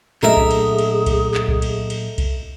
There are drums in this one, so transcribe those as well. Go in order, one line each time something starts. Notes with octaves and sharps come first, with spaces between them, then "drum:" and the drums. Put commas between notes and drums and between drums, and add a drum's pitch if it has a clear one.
A#2 F#3 A3 D4 G#4 A#4 D#5 E5, drum: clap
drum: kick C2
drum: cymbal
drum: cymbal
drum: kick C2, cymbal
drum: clap
drum: kick C2
drum: cymbal
drum: cymbal
drum: kick C2, cymbal